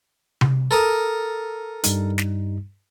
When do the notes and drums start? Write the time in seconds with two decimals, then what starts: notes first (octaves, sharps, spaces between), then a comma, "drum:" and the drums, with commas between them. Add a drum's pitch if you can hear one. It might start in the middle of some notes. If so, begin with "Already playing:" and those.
0.41 drum: tom C3
0.71 A4 A#4 D#6
1.84 G2 G3 D#4, drum: hi-hat
2.18 drum: snare